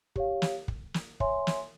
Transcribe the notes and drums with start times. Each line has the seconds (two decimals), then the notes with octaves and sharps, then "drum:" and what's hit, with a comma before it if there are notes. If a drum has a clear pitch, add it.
0.16 G4 C#5 F5, drum: kick
0.42 drum: snare
0.68 drum: kick
0.94 drum: snare
1.20 C#5 E5 G#5 C6, drum: kick
1.47 drum: snare